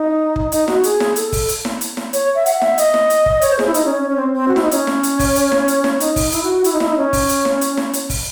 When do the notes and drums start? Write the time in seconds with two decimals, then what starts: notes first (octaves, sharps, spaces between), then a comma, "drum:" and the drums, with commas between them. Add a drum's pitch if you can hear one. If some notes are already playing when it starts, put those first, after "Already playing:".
Already playing: D#4
0.36 drum: kick
0.52 D#4, drum: hi-hat
0.68 F#4, drum: snare E4
0.84 G#4, drum: hi-hat
1.00 drum: snare E4
1.16 A4, drum: hi-hat
1.33 drum: kick, open hi-hat
1.49 drum: hi-hat
1.65 drum: snare E4
1.81 drum: hi-hat
1.97 drum: snare E4
2.13 C#5, drum: hi-hat
2.35 E5
2.46 F#5, drum: hi-hat
2.61 E5, drum: snare E4
2.78 D#5, drum: hi-hat
2.94 drum: snare E4
3.10 drum: hi-hat
3.26 drum: kick
3.42 C#5, drum: hi-hat
3.50 C5
3.59 G#4, drum: snare E4
3.66 E4
3.74 D#4, drum: hi-hat
3.85 C#4
3.95 C#4
4.07 C#4
4.16 C4
4.34 C4
4.48 F#4
4.56 E4, drum: snare E4
4.63 D#4
4.71 C#4, drum: hi-hat
4.87 drum: snare E4
5.03 drum: hi-hat
5.19 drum: kick, open hi-hat
5.36 drum: hi-hat
5.52 drum: snare E4
5.68 drum: hi-hat
5.84 drum: snare E4
6.00 D#4, drum: hi-hat
6.16 drum: kick, open hi-hat
6.32 E4, drum: hi-hat
6.43 F#4
6.54 F#4
6.64 E4, drum: hi-hat
6.73 D#4
6.80 E4, drum: snare E4
6.89 D#4
6.97 C#4
7.13 drum: kick, open hi-hat
7.29 drum: hi-hat
7.45 drum: snare E4
7.61 drum: hi-hat
7.77 drum: snare E4
7.93 drum: hi-hat
8.10 drum: kick, open hi-hat